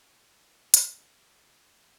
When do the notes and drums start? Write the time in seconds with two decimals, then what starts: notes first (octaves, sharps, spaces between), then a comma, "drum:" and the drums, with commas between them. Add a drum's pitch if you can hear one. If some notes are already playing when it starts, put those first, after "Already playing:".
Already playing: E4
0.47 D#4
0.61 E4
0.74 F4, drum: hi-hat